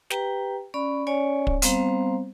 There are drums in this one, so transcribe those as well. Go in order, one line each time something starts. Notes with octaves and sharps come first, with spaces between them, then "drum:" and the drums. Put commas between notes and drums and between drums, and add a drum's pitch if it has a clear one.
G4 B4 G5 A#5, drum: snare
C#4 D5 B5
C#4 C#5 D5 G#5
drum: kick
G3 B3 C4 C5 F5 A#5, drum: hi-hat